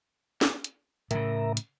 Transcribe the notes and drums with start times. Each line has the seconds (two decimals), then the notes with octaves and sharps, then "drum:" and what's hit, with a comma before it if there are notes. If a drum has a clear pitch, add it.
0.41 drum: snare
0.64 drum: hi-hat
1.11 A2 C#3 A#4 E5 A#5, drum: hi-hat
1.57 drum: hi-hat